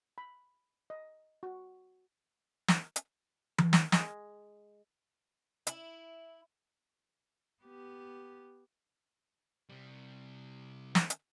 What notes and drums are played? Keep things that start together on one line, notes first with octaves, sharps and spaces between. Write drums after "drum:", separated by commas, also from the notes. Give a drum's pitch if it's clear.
B5
D#5
F#4
drum: snare
drum: hi-hat
drum: tom E3
drum: snare
G#3, drum: snare
E4, drum: hi-hat
B3 G4
C3 G3
drum: snare
drum: hi-hat